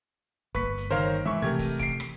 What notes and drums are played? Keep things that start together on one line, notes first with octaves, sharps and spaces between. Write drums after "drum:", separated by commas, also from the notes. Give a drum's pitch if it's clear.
G1 A#3 B4 C#6 B6, drum: kick
drum: hi-hat
D#3 A#4 C5 C#5 F5
E3 G#3 E5 C#6
C3 E3 A3 G4 A#4 G#6
drum: kick, open hi-hat
C7 D7, drum: kick, hi-hat
drum: rim click